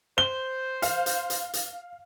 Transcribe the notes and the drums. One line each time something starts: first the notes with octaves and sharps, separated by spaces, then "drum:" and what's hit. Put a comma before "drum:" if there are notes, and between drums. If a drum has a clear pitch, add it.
C5 G7
F5, drum: hi-hat
drum: hi-hat
drum: hi-hat
drum: hi-hat